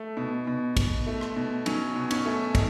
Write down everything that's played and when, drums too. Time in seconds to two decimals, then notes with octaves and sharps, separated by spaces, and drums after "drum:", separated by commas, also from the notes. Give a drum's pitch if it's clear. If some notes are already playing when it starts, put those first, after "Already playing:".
Already playing: A3
0.17 B2
0.47 B2
0.77 B2, drum: kick, cymbal
1.07 A3
1.21 drum: rim click
1.36 B2
1.66 F#3 C#4, drum: cymbal
1.96 B2
2.11 C#4, drum: cymbal
2.26 A3
2.55 D#4, drum: kick, cymbal